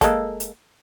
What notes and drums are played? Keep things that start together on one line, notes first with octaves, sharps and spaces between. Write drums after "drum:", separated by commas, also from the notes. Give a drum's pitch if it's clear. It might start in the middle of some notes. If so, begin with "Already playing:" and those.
G#3 A#3 A4, drum: kick, hi-hat
drum: hi-hat